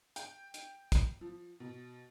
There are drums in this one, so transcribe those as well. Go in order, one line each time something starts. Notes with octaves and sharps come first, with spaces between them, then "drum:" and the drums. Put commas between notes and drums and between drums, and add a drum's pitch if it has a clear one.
G5, drum: hi-hat
drum: hi-hat
drum: kick, hi-hat
F3
B2